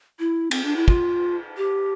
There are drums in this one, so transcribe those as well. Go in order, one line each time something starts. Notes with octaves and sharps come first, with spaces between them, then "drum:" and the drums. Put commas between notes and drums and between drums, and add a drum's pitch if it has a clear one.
E4
C4, drum: cymbal
D4
E4
F4, drum: kick
G4